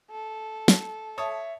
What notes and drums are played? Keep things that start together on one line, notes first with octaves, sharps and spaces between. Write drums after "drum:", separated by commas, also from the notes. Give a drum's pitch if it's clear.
A4
drum: snare
C#5 E5 A5 D#6